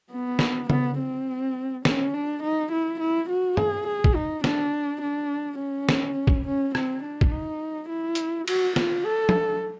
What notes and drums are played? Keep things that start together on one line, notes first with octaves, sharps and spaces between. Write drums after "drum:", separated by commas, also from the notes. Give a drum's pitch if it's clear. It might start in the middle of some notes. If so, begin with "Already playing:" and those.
B3
drum: snare
B3, drum: tom C#3
C4
C#4, drum: snare
D4
D#4
E4
E4
F#4
G#4, drum: tom
G#4
drum: kick
D#4
D4, drum: snare
D4
C#4
drum: snare
drum: kick
C#4
C4, drum: rim click
D4
drum: kick
D#4
E4
drum: hi-hat
F#4, drum: cymbal
F4, drum: snare
A4
drum: tom F3